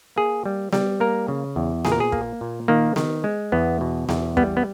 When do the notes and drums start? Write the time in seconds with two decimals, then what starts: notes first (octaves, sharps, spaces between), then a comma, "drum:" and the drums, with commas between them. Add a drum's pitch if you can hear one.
0.16 A#3 G#4
0.46 G3
0.73 G3, drum: snare B3
1.00 A#3 A#4
1.28 C#3
1.56 E2
1.85 A#2 G#4, drum: snare B3
1.92 A#4
2.00 G#4
2.12 A#3, drum: kick
2.41 A#2
2.68 D#3 A#3
2.96 D#3, drum: snare B3
3.24 G#3
3.52 E2 B3
3.81 B2
4.09 E2, drum: snare B3
4.37 G3 B3, drum: kick
4.57 B3